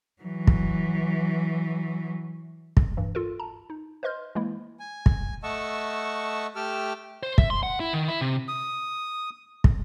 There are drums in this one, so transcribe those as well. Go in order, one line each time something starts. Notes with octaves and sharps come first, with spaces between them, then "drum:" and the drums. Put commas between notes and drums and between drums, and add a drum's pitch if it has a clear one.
E3 F#3
drum: kick
drum: kick
G2 E3
F4 A4 A#4
A5 A#5
D#4
B4 C5 D#5 C6 F6 G6
E3 G#3 A#3 E4
G#5
drum: kick
A3 D#5 F#5 A5 C#6 E6
A3 G4 G5 A5 E6 F6
C5
E5, drum: kick
C6
F#5
E4
D#3
E4
C3
D#6
drum: kick